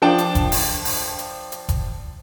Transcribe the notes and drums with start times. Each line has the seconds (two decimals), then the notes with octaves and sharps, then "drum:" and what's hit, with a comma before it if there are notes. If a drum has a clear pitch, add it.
0.02 F3 D4 G5 A5
0.18 drum: hi-hat
0.35 drum: kick F1, hi-hat
0.52 drum: open hi-hat
0.85 drum: open hi-hat
1.19 drum: hi-hat
1.52 drum: hi-hat
1.69 drum: kick F1, hi-hat